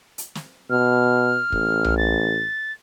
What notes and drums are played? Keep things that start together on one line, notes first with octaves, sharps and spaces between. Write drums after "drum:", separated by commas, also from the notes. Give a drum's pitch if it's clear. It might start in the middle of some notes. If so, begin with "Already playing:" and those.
drum: hi-hat
drum: snare
B2 F6
A1, drum: kick
drum: tom B1
A6